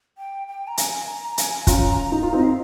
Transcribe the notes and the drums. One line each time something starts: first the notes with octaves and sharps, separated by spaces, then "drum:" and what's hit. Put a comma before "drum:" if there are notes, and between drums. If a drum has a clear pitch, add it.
G5
G5
A#5
G#5, drum: hi-hat
A#5
G#5, drum: hi-hat
C#4 F4 A#5, drum: kick, hi-hat
D#4
F4
C4 D#4 D#5
F5